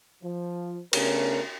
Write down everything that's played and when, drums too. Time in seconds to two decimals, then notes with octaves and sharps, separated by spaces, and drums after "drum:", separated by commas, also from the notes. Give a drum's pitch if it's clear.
0.24 F3
0.93 C#3 A3 B3 C#4 D4 A#4, drum: cymbal